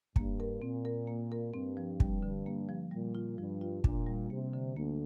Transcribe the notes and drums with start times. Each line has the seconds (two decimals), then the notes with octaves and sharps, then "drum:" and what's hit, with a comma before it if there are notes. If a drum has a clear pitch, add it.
0.16 G2 A#3, drum: kick
0.40 A#4
0.62 A#2 C4
0.85 A#4
1.08 A#3
1.32 A#4
1.54 G2 C4
1.77 F3
2.00 G3, drum: kick
2.23 D3
2.46 A#3
2.69 F3
2.92 A#2 G3
3.15 F4
3.38 G2 F3
3.61 F4
3.84 A#2 D4, drum: kick
4.07 G3
4.30 C3 A#3
4.53 D3
4.75 D2 D3 A#3